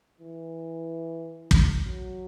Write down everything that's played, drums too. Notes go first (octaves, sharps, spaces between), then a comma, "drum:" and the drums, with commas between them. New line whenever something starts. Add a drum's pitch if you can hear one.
E3
drum: kick
F#3